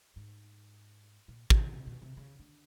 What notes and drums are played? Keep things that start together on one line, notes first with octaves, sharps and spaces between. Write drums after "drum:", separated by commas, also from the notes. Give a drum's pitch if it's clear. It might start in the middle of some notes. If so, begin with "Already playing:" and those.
G#2
A#2
B2, drum: kick
C3
B2
C3
C#3
D3